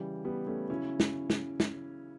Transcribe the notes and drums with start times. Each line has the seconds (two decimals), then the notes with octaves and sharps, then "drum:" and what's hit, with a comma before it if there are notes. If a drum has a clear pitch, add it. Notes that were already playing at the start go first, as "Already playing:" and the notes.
Already playing: C#3 E3 G3
0.25 G3 B3
0.47 A3 C#4
0.70 C#3 F#3 C#4 E4
1.00 drum: snare
1.30 drum: snare
1.60 drum: snare